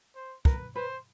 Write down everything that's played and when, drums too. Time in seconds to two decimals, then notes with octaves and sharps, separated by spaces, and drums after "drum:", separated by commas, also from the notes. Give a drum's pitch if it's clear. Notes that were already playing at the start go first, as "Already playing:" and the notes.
0.15 C5
0.45 A#4 B4, drum: kick
0.75 B4 C5